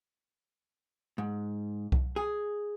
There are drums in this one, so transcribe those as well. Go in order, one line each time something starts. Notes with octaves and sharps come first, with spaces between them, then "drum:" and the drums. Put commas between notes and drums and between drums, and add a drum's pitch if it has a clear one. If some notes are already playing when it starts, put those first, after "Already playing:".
G#2
drum: kick C2
G#4